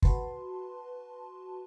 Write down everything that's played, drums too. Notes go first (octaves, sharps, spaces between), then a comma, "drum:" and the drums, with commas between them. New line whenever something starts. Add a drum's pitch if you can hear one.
F#4 B4 A5 C6, drum: kick